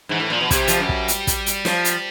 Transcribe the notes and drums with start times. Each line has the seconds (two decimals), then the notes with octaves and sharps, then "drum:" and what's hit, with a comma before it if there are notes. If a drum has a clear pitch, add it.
0.09 G#2 E3
0.20 A2
0.30 A#2 F3
0.41 B2
0.51 C3 G3, drum: kick, hi-hat
0.68 F3, drum: hi-hat
0.80 F#2
0.89 drum: kick
1.08 drum: hi-hat
1.27 drum: kick, hi-hat
1.46 drum: hi-hat
1.65 F3, drum: snare
1.85 drum: hi-hat